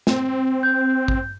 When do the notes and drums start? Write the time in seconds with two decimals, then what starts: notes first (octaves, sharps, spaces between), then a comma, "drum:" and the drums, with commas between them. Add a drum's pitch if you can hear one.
0.07 C4, drum: snare
0.63 G6
1.08 drum: kick A1